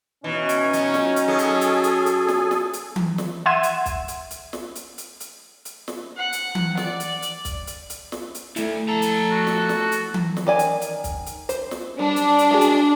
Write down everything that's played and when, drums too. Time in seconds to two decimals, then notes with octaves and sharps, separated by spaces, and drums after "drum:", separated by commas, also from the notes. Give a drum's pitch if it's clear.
0.24 B2 E3 C#4 D#4
0.49 drum: hi-hat
0.73 F#3, drum: hi-hat
0.94 drum: snare
1.16 drum: hi-hat
1.28 F#3 G#4 A4 G#5
1.39 drum: hi-hat
1.61 drum: hi-hat
1.84 drum: hi-hat
2.06 drum: hi-hat
2.28 drum: snare
2.51 drum: snare
2.73 drum: hi-hat
2.96 drum: tom E3
3.18 drum: snare
3.46 E5 F#5 C6 G#6 D#7 E7
3.63 drum: hi-hat
3.86 drum: kick, hi-hat
4.08 drum: hi-hat
4.31 drum: hi-hat
4.53 drum: snare
4.75 drum: hi-hat
4.98 drum: hi-hat
5.20 drum: hi-hat
5.65 drum: hi-hat
5.88 drum: snare
6.17 F#5
6.33 drum: hi-hat
6.55 drum: tom E3
6.77 D5, drum: snare
7.00 drum: hi-hat
7.22 drum: hi-hat
7.45 drum: kick, hi-hat
7.67 drum: hi-hat
7.90 drum: hi-hat
8.12 drum: snare
8.35 drum: hi-hat
8.56 D2 A3 E4, drum: hi-hat
8.89 F3 A4 A#5
9.02 drum: hi-hat
9.31 F#4
9.47 drum: snare
9.69 drum: snare
9.92 drum: hi-hat
10.14 drum: tom E3
10.37 drum: snare
10.47 D#3 D5 G#5
10.59 drum: hi-hat
10.81 drum: hi-hat
11.04 drum: kick, hi-hat
11.26 drum: hi-hat
11.49 C5, drum: hi-hat
11.71 drum: snare
11.99 G3 D4
12.16 drum: hi-hat
12.39 drum: hi-hat
12.51 G#3 F#4 G#4
12.61 drum: hi-hat